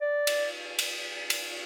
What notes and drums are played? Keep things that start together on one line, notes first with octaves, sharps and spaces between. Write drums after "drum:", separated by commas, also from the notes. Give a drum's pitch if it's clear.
D5
drum: cymbal
drum: cymbal
drum: cymbal